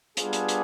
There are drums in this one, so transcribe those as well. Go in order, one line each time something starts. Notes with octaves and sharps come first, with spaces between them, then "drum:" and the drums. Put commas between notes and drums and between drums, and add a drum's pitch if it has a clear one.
G3 B3 D4 F4 G#4, drum: hi-hat
drum: hi-hat
drum: hi-hat